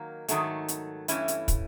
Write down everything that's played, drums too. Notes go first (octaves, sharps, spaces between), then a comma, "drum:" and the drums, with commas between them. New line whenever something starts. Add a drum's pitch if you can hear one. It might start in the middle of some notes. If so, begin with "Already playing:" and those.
Already playing: D#3 F#3 A#3
G#2 D#3 F#3 A3, drum: hi-hat
drum: hi-hat
G2 E3 A3 C#4 E4, drum: hi-hat
drum: hi-hat
drum: kick, hi-hat